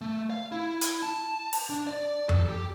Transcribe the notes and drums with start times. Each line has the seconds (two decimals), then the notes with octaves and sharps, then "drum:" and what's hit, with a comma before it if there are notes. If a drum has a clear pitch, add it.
0.01 A3
0.30 F5
0.52 E4
0.81 drum: hi-hat
1.02 A5
1.53 drum: open hi-hat
1.70 D4
1.87 D5
2.29 A4, drum: tom F2
2.49 G4